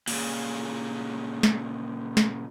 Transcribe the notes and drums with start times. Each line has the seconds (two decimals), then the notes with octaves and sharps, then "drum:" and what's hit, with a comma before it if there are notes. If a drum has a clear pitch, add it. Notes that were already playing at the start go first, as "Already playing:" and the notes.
0.08 A#2 C#3, drum: cymbal
1.43 drum: snare
2.17 drum: snare